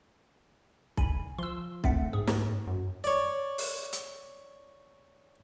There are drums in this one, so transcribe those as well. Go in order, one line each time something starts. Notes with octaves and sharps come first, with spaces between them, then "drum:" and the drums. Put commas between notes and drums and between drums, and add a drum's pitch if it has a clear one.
G#5 B5, drum: kick B1
F3 C6 E6
A3 C4 F#5, drum: kick B1
G#2 G#4
drum: snare
F#2
C#5 D5
drum: open hi-hat
drum: hi-hat